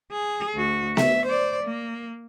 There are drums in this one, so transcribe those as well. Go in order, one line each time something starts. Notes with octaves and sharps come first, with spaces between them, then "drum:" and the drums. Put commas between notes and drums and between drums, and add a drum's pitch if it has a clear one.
G#4
D2 F#4
E5, drum: snare B3
C5 D5
A#3